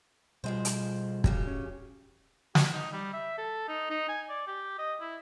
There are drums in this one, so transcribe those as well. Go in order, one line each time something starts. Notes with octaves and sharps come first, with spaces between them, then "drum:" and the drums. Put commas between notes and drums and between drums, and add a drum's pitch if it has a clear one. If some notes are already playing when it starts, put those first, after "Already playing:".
B2 F3 G3 G#3 C5
drum: hi-hat
D2 C#3 G4, drum: kick
C#4
G4, drum: snare
D#4
G3
E5
A4
D#4
D#4
G#5
D5
G4
D#5
E4